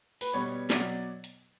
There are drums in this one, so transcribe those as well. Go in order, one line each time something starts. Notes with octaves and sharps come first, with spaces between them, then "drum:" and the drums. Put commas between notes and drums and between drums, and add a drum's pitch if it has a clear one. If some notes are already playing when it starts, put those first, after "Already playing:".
B4, drum: open hi-hat
B2 G3 B3 C#5
B2 F#3 D5, drum: snare
drum: hi-hat